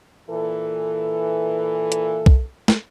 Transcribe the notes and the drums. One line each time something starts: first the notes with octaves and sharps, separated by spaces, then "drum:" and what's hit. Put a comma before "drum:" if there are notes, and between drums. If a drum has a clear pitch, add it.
A#2 E3 A4
drum: hi-hat
drum: kick
drum: snare